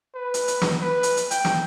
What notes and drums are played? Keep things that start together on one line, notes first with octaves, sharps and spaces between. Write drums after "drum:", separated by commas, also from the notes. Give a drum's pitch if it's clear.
B4
drum: hi-hat
drum: hi-hat
drum: snare
B4
drum: hi-hat
drum: hi-hat
G5, drum: hi-hat
drum: snare